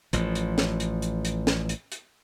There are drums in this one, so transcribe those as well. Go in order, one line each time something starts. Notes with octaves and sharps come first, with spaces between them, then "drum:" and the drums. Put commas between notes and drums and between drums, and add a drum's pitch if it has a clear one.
A1 F3, drum: hi-hat
drum: hi-hat
drum: snare
drum: hi-hat
drum: hi-hat
drum: hi-hat
drum: snare
drum: hi-hat
drum: hi-hat